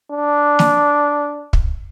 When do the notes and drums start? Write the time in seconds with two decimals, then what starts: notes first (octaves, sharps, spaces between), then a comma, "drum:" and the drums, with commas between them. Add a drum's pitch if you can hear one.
0.12 D4
0.59 drum: snare
1.53 drum: kick